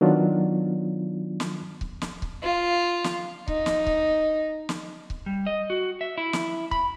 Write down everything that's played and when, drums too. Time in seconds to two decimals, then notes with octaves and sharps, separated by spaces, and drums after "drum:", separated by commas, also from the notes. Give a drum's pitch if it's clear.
0.01 D#3 F#3 B3 D4 F4
1.40 drum: snare
1.81 drum: kick C#1
2.02 drum: snare
2.22 drum: kick C#1
2.43 F4
3.04 drum: snare
3.48 D#4, drum: kick C#1
3.66 drum: snare
3.87 drum: kick C#1
4.69 drum: snare
5.10 drum: kick C#1
5.26 G3
5.47 D#5
5.70 F#4
6.01 E5
6.18 E4
6.33 drum: snare
6.71 B5, drum: kick C#1